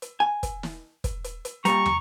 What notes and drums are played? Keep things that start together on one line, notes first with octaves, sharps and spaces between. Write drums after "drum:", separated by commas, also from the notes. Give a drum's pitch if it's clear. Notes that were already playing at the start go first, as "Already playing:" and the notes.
drum: hi-hat
G#5
drum: kick, hi-hat
drum: snare
drum: kick, hi-hat
drum: hi-hat
drum: hi-hat
A#2 G3 A#5 C#6, drum: hi-hat
drum: tom